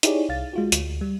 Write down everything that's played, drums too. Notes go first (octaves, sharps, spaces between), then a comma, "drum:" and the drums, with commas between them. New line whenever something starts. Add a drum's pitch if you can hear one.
D#4 E4 G4 G#4 C#5 D5, drum: hi-hat
C2 F5 A6
G#3 F4 F#4
D2, drum: hi-hat
G3